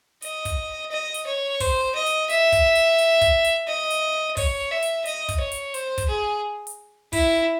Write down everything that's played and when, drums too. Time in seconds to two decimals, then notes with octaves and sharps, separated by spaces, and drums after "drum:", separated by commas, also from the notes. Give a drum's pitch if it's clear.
0.22 D#5, drum: hi-hat
0.45 drum: kick, hi-hat
0.91 D#5
1.14 drum: hi-hat
1.26 C#5
1.60 C5, drum: kick, open hi-hat
1.95 D#5
2.06 drum: hi-hat
2.29 E5, drum: hi-hat
2.52 drum: kick, hi-hat
2.75 drum: hi-hat
2.98 drum: hi-hat
3.21 drum: kick, hi-hat
3.44 drum: hi-hat
3.68 D#5
3.90 drum: hi-hat
4.37 C#5, drum: kick, open hi-hat
4.71 E5
4.83 drum: hi-hat
5.05 D#5, drum: hi-hat
5.29 drum: kick, hi-hat
5.40 C#5
5.52 drum: hi-hat
5.74 C5, drum: hi-hat
5.98 drum: kick, hi-hat
6.09 G#4
6.67 drum: hi-hat
7.13 E4, drum: kick, open hi-hat